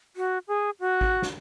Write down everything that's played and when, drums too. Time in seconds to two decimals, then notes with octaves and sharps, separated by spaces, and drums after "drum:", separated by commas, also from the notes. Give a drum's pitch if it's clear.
0.16 F#4
0.48 G#4
0.80 F#4
1.01 drum: kick G#1
1.22 drum: snare